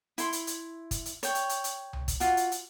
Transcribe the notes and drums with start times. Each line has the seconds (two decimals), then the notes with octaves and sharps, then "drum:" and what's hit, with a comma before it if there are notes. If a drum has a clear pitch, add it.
0.18 E4 C6, drum: hi-hat
0.33 drum: hi-hat
0.47 drum: hi-hat
0.91 drum: kick, hi-hat
1.06 drum: hi-hat
1.23 C#5 G5, drum: hi-hat
1.35 drum: hi-hat
1.49 drum: hi-hat
1.64 drum: hi-hat
1.93 drum: tom C2
2.08 drum: kick, hi-hat
2.20 F4 F#4, drum: hi-hat
2.37 drum: hi-hat
2.52 drum: hi-hat